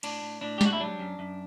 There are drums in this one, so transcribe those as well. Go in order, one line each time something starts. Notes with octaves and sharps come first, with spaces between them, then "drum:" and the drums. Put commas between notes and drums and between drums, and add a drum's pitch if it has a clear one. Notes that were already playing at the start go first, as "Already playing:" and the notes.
A2 D4, drum: cymbal
A2
A2 D4
G4
G3 F#4, drum: snare
E4
F#3 D4
F#2
F#2